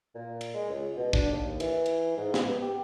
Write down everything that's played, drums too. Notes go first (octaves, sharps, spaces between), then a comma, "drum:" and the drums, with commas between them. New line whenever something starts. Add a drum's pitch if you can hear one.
A#2
drum: cymbal
G#3
C#2
B2
D4, drum: kick
D#2
E3, drum: cymbal
drum: cymbal
G#2
drum: snare
B3
G4